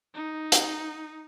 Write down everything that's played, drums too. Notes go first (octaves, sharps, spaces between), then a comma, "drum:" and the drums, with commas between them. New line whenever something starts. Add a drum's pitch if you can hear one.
D#4
drum: hi-hat